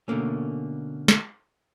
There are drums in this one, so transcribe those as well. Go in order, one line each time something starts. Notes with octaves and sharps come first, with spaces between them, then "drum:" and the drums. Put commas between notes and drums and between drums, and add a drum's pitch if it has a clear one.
B2 D3 A3 A#3 C#4
drum: snare